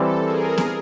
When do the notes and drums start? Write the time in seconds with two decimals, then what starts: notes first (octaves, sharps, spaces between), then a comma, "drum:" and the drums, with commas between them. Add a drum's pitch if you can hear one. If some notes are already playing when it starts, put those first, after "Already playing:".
Already playing: E3 G3 C4 A4
0.23 G#4 A#4
0.58 drum: snare B3